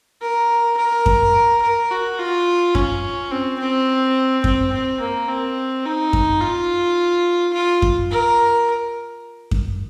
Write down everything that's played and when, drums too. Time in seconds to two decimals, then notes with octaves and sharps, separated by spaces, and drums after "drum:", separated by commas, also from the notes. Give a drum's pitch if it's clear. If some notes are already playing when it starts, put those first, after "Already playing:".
0.21 A#4
0.77 A#4
1.06 drum: kick F#2
1.62 A#4
1.91 F#4
2.19 F4
2.75 C#4, drum: kick F#2
3.31 C4
3.60 C4
4.44 C4, drum: kick F#2
4.72 C4
5.00 A#3
5.28 C4
5.85 D#4
6.13 drum: kick F#2
6.41 F4
7.54 F4
7.82 drum: kick F#2
8.11 A#4
9.51 drum: kick F#2